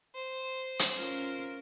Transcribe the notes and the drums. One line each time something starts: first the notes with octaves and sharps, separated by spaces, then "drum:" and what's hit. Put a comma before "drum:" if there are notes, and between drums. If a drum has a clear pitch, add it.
C5
drum: hi-hat
C#4 F4 A#4